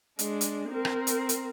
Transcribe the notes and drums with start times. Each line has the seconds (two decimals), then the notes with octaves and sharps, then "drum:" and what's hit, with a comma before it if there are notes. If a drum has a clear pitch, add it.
0.19 G#3 D4, drum: hi-hat
0.41 drum: hi-hat
0.69 C4 A#4
0.85 drum: rim click
1.07 drum: hi-hat
1.29 drum: hi-hat